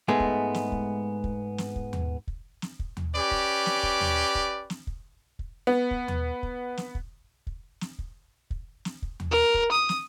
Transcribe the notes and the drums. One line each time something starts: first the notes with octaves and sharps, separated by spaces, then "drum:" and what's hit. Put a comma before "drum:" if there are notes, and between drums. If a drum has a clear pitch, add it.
G#2 G#3 A3 B3
drum: kick
drum: snare
drum: kick
drum: kick
drum: snare
drum: kick
drum: tom D#2
drum: kick
drum: snare
drum: kick
drum: tom D#2
C#4 G4 B4 D5
drum: kick
drum: snare
drum: kick
drum: tom D#2
drum: kick
drum: snare
drum: kick
drum: kick
B3
drum: kick
drum: tom D#2
drum: kick
drum: snare
drum: kick
drum: kick
drum: snare
drum: kick
drum: kick
drum: snare
drum: kick
drum: tom D#2
A#4
drum: kick
D#6
drum: snare